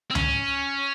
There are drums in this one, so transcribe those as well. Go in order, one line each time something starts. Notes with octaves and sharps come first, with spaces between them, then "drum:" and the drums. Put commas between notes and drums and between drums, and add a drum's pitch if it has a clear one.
C4
C#4, drum: tom C#2